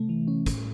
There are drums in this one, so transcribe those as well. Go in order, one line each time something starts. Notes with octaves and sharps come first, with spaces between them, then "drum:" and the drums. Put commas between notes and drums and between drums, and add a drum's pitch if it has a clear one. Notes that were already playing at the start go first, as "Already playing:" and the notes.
Already playing: C3 A3
E3
C#4
A2, drum: kick, hi-hat